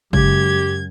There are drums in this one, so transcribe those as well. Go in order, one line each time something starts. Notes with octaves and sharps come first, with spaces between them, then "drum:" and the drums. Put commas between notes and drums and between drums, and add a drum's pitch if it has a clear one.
F#2 C#3 G#3 G4 G#6, drum: kick